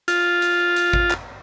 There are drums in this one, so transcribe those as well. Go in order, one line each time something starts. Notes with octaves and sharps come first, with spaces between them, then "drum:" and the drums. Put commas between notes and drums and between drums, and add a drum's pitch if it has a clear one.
F4, drum: hi-hat
drum: hi-hat
drum: hi-hat
drum: kick G#1
drum: clap